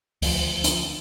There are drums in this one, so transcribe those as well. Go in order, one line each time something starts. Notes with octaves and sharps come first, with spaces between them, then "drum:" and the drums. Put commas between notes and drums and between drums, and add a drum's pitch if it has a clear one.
D2 F3, drum: open hi-hat
drum: hi-hat